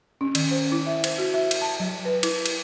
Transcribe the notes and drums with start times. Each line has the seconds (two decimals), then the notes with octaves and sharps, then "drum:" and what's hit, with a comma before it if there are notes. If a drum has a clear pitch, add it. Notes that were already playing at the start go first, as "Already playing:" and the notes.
0.21 C#4
0.35 D#3, drum: cymbal
0.51 C5
0.72 E4
0.86 E5
1.04 C5, drum: cymbal
1.18 F#4
1.34 E5
1.51 drum: cymbal
1.62 A5
1.80 F#3
2.05 B4
2.23 E4, drum: cymbal
2.46 drum: cymbal